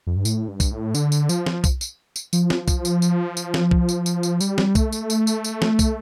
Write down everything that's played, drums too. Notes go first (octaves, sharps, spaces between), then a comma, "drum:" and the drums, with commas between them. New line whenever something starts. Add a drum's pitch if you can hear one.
F2
G2
A2, drum: tambourine
G2
drum: kick, tambourine
A2
D3, drum: tambourine
drum: tambourine
F3, drum: tambourine
drum: snare
drum: kick, tambourine
drum: tambourine
drum: tambourine
F3, drum: tambourine
drum: snare
drum: kick, tambourine
drum: tambourine
drum: tambourine
drum: tambourine
drum: snare
drum: kick
drum: tambourine
drum: tambourine
drum: tambourine
G3, drum: tambourine
drum: snare
A3, drum: kick, tambourine
drum: tambourine
drum: tambourine
drum: tambourine
drum: tambourine
drum: snare
drum: kick, tambourine